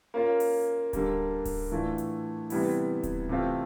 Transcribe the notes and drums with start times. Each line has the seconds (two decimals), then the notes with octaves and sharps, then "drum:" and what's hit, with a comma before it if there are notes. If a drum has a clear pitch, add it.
0.14 A#3 C#4 F4
0.40 drum: open hi-hat
0.93 D3 G3 A#3, drum: kick D1, hi-hat
1.45 drum: kick D1, open hi-hat
1.72 A2 E3 A3 D4 F4
1.98 drum: hi-hat
2.50 C3 E3 G3 B3 E4, drum: open hi-hat
3.03 drum: kick D1, hi-hat
3.29 C3 E3 A3 C4 F4